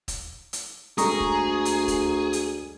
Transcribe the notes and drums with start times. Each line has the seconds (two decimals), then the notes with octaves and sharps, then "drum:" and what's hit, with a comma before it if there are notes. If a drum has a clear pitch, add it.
0.08 drum: kick, hi-hat
0.53 drum: hi-hat
0.98 D2 G3 G#3 G#4 A4 A#5 C#6 D#6, drum: hi-hat
1.20 drum: kick
1.65 drum: hi-hat
1.88 drum: kick, hi-hat
2.33 drum: hi-hat